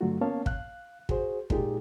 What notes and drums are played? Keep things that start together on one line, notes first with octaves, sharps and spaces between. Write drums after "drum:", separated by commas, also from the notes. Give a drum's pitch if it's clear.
G2 D3 F#3 A3 F4 F#4
A#3 B3 C#4 C#5 F5 A5
F5 F#6, drum: kick
F#4 G#4 C5, drum: kick
A#2 G#3 D#4 F4 G4 G#4, drum: kick